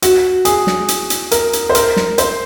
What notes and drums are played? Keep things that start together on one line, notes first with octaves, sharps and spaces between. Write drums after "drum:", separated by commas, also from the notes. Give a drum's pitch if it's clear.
F#4, drum: hi-hat
G#4, drum: hi-hat
drum: snare
drum: hi-hat
drum: hi-hat
A#4, drum: hi-hat
drum: hi-hat
C5
A#4, drum: hi-hat
drum: snare
C5, drum: hi-hat